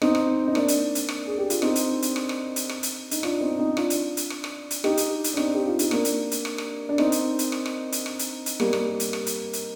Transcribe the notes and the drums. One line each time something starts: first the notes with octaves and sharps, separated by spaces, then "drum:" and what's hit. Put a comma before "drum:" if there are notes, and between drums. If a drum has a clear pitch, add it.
C4 D#4, drum: rim click
drum: rim click
D#4
A#3 D4, drum: rim click
drum: hi-hat
drum: hi-hat
drum: rim click
G#4
G4
F4, drum: hi-hat
C4 D#4, drum: rim click
drum: hi-hat
drum: hi-hat
drum: rim click
drum: rim click
drum: hi-hat
drum: rim click
drum: hi-hat
D#4, drum: hi-hat
D4 F4, drum: rim click
C4 D#4
C4 D#4
D4 F4, drum: rim click
drum: hi-hat
drum: hi-hat
drum: rim click
drum: rim click
drum: hi-hat
D#4 G4, drum: rim click
drum: hi-hat
drum: hi-hat
D4
C4 D#4, drum: rim click
G4
F4
D#4, drum: hi-hat
A#3 D4, drum: rim click
drum: hi-hat
drum: hi-hat
drum: rim click
drum: rim click
D4
C4 D#4, drum: rim click
drum: hi-hat
drum: hi-hat
drum: rim click
drum: rim click
drum: hi-hat
drum: rim click
drum: hi-hat
drum: hi-hat
G3 A#3, drum: rim click
drum: rim click
drum: hi-hat
drum: rim click
drum: hi-hat
drum: hi-hat